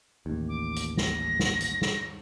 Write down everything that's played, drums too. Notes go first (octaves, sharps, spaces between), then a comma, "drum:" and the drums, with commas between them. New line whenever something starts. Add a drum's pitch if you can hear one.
A1 D#2
D6
drum: hi-hat
A#6, drum: snare
drum: snare
drum: hi-hat
drum: snare